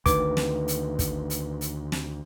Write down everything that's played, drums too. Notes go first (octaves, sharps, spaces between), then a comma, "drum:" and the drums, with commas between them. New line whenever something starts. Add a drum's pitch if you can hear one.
D2 D#3 B4 D6, drum: kick, hi-hat
drum: snare
drum: hi-hat
drum: kick, hi-hat
drum: hi-hat
drum: hi-hat
drum: snare